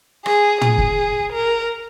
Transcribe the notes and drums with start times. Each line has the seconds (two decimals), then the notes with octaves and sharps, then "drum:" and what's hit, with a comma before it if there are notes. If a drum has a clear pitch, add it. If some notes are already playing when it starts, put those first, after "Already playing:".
0.26 G#4, drum: rim click
0.61 G#4, drum: tom
0.78 drum: kick
1.32 A#4